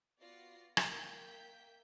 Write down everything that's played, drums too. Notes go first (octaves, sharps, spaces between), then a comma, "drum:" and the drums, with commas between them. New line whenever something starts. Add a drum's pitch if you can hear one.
B3 F4 F#4 D5 A#6 C7
A#3 E5 G5 G6 B6, drum: rim click